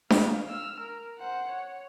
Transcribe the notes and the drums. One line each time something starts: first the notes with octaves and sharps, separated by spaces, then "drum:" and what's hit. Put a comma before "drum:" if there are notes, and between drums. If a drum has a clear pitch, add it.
F5, drum: snare D4
E6 F6
A#4
C5 F#5
C#5